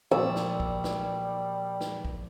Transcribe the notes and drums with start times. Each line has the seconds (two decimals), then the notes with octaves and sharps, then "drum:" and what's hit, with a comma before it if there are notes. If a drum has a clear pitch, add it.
0.12 A#1 G3 E6
0.36 drum: snare
0.60 drum: kick
0.84 drum: snare
1.81 drum: snare
2.05 drum: kick